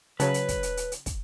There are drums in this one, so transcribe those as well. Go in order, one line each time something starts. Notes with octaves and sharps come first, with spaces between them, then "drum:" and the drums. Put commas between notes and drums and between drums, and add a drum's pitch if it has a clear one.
C#3 F#3 B4 C#5 A5, drum: hi-hat
drum: hi-hat
drum: kick, hi-hat
drum: hi-hat
drum: hi-hat
drum: hi-hat
drum: kick, hi-hat